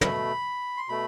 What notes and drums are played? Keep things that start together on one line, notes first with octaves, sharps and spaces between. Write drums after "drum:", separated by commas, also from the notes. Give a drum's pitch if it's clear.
B2 A3 B5, drum: tom
C6
B2 A3 B5